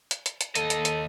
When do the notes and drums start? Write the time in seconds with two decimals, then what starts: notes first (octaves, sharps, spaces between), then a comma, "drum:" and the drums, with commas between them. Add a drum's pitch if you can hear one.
0.11 drum: hi-hat
0.26 drum: hi-hat
0.41 drum: hi-hat
0.55 D#2 A4 D#5, drum: hi-hat
0.70 drum: hi-hat
0.85 drum: hi-hat